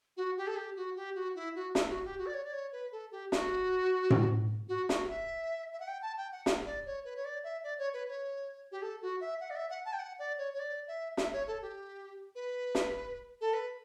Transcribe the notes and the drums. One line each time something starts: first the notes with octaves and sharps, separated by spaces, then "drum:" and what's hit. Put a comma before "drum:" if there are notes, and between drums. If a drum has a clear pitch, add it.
F#4
G4
A4
G4
F#4
G4
F#4
E4
F#4
E4, drum: snare
F#4
G4
F#4
D5
C#5
D5
C#5
B4
A4
G4
F#4, drum: snare
drum: tom A2
F#4
F#4, drum: snare
E5
E5
F#5
G5
A5
G5
F#5
drum: snare
D5
C#5
B4
C#5
D5
E5
D5
C#5
B4
C#5
G4
A4
F#4
E5
F#5
D5
E5
F#5
A5
G5
F#5
D5
C#5
C#5
D5
E5
E5, drum: snare
C#5
A4
G4
B4
drum: snare
A4
B4